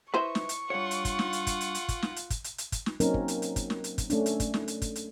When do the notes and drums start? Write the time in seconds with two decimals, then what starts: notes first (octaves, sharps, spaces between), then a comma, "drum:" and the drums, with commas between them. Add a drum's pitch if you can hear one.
0.14 E4 B4 C5 D#5 E5 C#6
0.35 drum: snare
0.49 drum: hi-hat
0.70 G2 F4 C#5 F#5
0.91 drum: hi-hat
1.05 drum: kick, hi-hat
1.19 drum: snare
1.33 drum: hi-hat
1.47 drum: kick, hi-hat
1.61 drum: hi-hat
1.75 drum: hi-hat
1.89 drum: kick, hi-hat
2.02 drum: snare
2.16 drum: hi-hat
2.30 drum: kick, hi-hat
2.44 drum: hi-hat
2.58 drum: hi-hat
2.72 drum: kick, hi-hat
2.86 drum: snare
3.00 F#3 A#3 C4 C#4 D#4 A#4, drum: hi-hat
3.14 drum: kick
3.28 drum: hi-hat
3.42 drum: hi-hat
3.56 drum: kick, hi-hat
3.70 drum: snare
3.84 drum: hi-hat
3.98 drum: kick, hi-hat
4.10 A3 C#4 D4, drum: hi-hat
4.26 drum: hi-hat
4.40 drum: kick, hi-hat
4.54 drum: snare
4.68 drum: hi-hat
4.82 drum: kick, hi-hat
4.96 drum: hi-hat